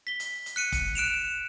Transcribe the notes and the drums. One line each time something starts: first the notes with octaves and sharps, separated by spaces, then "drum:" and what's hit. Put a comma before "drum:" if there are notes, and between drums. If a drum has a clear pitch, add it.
B6 G7
drum: hi-hat
drum: hi-hat
F#6 C#7 D#7
drum: kick, hi-hat
F#6 D7 E7 F7